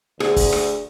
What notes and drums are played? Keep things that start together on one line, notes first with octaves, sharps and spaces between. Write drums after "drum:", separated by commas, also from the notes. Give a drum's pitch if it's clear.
D2 G#4, drum: rim click
drum: kick, open hi-hat
drum: rim click